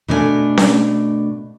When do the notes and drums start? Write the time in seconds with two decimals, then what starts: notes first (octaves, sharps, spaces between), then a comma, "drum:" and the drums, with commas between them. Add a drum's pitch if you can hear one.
0.08 B2 A3 D4 A#4 D#5 G#5
0.58 drum: snare C#4